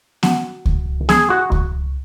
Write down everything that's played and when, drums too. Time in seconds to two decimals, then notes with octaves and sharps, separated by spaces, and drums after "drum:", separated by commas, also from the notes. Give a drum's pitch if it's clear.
0.23 F#4, drum: snare B3
0.65 drum: kick C#2
1.09 G#4, drum: snare B3
1.30 F#4
1.52 drum: kick C#2